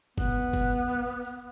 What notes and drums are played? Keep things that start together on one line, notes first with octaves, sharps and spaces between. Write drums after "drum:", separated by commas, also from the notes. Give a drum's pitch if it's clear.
B3, drum: kick F#1, tambourine
drum: tambourine
drum: kick F#1, tambourine
drum: tambourine
drum: tambourine
drum: tambourine
drum: tambourine